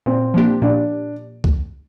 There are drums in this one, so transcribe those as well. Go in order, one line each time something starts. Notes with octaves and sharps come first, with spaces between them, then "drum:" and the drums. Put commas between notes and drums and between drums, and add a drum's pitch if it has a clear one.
A#2 C4
F3 A#3 D4 G4
A#2 D4
drum: kick C#2